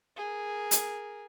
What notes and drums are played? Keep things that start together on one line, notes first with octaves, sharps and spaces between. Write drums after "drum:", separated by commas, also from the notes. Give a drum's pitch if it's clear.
G#4 A#4
drum: hi-hat